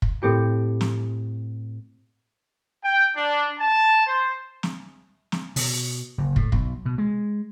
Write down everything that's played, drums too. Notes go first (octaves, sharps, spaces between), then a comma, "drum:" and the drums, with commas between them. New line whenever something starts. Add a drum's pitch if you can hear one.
drum: kick
A2 C4 G4 C#7
drum: snare
G5
D4
A5
C5
drum: snare
drum: snare
B2, drum: open hi-hat
F#1
A2, drum: kick
B1, drum: kick
B2
G#3